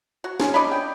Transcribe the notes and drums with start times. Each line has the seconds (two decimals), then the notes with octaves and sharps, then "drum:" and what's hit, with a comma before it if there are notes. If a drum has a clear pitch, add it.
0.24 F#4
0.40 G#3 C#4, drum: snare
0.54 D#4 D5 D#5 B5
0.72 G5